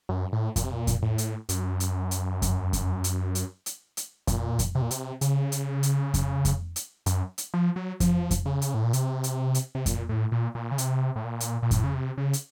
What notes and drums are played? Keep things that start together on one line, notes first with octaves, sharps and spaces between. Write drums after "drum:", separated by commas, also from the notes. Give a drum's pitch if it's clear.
F#2
A2
A#2, drum: kick F2, hi-hat
C3
A#2
drum: kick F2, hi-hat
A2
drum: hi-hat
F#2, drum: hi-hat
drum: hi-hat
drum: hi-hat
drum: kick F2, hi-hat
drum: kick F2, hi-hat
drum: hi-hat
drum: hi-hat
drum: hi-hat
drum: hi-hat
A#2, drum: kick F2, hi-hat
drum: kick F2, hi-hat
C3
A#2
C3, drum: hi-hat
C#3, drum: hi-hat
drum: hi-hat
drum: hi-hat
drum: kick F2, hi-hat
drum: kick F2, hi-hat
drum: hi-hat
F#2, drum: hi-hat
drum: hi-hat
F3
F#3
F3, drum: kick F2, hi-hat
drum: kick F2, hi-hat
C#3
drum: hi-hat
A2
A#2
C3, drum: hi-hat
drum: hi-hat
drum: hi-hat
C3
A#2, drum: kick F2, hi-hat
A2
A#2
A#2
C#3
C3, drum: hi-hat
A2
A#2
drum: hi-hat
A#2
A2, drum: kick F2, hi-hat
C#3
C3
C#3
drum: hi-hat